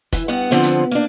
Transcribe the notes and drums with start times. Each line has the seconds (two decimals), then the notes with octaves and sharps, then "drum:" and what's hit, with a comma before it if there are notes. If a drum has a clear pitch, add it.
0.13 E3, drum: kick F1, hi-hat
0.28 G2 B3 F#5
0.51 D3 F3 B3 C4
0.63 drum: hi-hat
0.91 A#3 D4